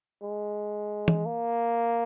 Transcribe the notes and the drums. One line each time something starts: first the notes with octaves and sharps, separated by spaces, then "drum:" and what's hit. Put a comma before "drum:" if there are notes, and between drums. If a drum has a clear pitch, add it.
G#3
drum: tom E3
A#3